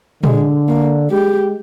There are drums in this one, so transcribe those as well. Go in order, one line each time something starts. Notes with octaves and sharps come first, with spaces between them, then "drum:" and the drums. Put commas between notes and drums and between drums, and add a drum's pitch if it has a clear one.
D3 G#3, drum: tom
A#3
G#3 G4